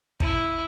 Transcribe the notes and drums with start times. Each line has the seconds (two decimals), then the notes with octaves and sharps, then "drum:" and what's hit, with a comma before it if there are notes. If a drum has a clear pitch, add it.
0.20 E4, drum: kick